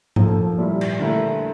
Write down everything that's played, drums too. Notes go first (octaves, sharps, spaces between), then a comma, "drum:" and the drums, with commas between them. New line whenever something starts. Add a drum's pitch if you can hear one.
F3 A#3 F4 A4, drum: tom G#2
A#2 G3 A#3 E4
drum: cymbal
D3 A3 E4 A#4